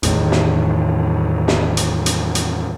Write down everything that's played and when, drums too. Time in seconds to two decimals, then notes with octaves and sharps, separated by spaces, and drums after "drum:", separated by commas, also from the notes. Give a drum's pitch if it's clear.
0.03 E2 A2 D#3, drum: hi-hat
0.32 drum: snare
1.48 drum: snare
1.77 drum: hi-hat
2.06 drum: hi-hat
2.35 drum: hi-hat